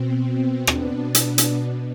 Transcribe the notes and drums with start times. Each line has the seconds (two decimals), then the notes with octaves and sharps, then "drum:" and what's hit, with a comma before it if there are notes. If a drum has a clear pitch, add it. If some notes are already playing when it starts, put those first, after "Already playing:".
Already playing: B2 C4
0.67 B2 B3 D4, drum: rim click
1.15 drum: hi-hat
1.38 drum: hi-hat
1.61 B2